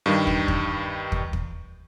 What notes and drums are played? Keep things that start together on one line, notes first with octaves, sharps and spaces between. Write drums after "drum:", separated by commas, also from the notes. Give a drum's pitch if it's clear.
G2 D#3 G3
drum: kick
drum: kick
drum: kick
drum: kick